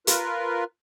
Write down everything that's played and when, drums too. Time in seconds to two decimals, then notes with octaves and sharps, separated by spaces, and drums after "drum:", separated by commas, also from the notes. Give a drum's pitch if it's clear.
0.07 F4 A#4 B4, drum: hi-hat